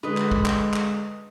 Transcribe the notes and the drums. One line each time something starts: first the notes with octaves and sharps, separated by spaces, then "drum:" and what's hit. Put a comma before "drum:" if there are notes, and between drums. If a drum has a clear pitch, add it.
D3 G#3 B4 D#5
drum: clap
drum: kick
drum: clap
drum: clap